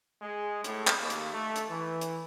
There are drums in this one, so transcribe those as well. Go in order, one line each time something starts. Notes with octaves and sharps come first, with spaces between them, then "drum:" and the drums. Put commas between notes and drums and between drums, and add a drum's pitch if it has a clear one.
G#3
A2, drum: hi-hat
drum: clap
D#2
drum: hi-hat
A3
drum: hi-hat
E3
drum: hi-hat